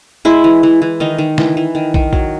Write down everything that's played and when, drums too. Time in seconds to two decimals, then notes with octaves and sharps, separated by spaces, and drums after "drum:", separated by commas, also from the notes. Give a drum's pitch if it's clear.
0.25 G#3 E4
0.44 E3
0.63 E3
0.82 E3
1.00 D#3 D#4
1.18 D#3
1.38 E3, drum: snare
1.57 E3
1.75 D#3
1.94 D#3, drum: kick
2.13 F#3, drum: kick